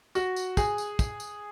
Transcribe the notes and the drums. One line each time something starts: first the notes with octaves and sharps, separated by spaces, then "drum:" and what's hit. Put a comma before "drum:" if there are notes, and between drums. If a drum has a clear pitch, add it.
F#4, drum: tambourine
drum: tambourine
G#4, drum: kick, tambourine
drum: tambourine
drum: kick, tambourine
drum: tambourine